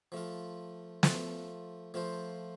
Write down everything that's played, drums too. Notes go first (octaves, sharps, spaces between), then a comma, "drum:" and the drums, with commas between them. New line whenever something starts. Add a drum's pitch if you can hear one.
F3 A3 F4
F3 A3 F4, drum: snare
F3 A3 F4 C5